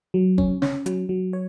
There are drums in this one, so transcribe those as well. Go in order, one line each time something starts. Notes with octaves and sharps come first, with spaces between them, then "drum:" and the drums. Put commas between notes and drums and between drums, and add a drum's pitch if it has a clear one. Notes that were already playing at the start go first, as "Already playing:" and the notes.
F#3
C#4, drum: kick
C#4, drum: snare
F#3, drum: hi-hat
F#3
C#5